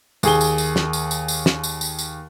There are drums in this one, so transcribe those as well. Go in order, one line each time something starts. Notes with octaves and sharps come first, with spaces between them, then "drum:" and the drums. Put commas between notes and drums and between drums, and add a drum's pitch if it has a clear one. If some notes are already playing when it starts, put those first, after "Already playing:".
D#2 G#4 G7, drum: tambourine
drum: tambourine
drum: tambourine
drum: snare
drum: tambourine
drum: tambourine
drum: tambourine
drum: snare
drum: tambourine
drum: tambourine
drum: tambourine